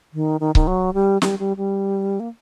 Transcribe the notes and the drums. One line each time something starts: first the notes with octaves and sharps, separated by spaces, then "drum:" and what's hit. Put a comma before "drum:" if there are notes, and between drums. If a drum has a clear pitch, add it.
D#3
D#3
D#3, drum: kick C#1
F#3
G3
G3, drum: snare
G3
G3
A#3